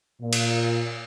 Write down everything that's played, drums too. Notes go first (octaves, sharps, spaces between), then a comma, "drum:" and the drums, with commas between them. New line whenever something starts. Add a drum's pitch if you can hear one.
A#2
drum: cymbal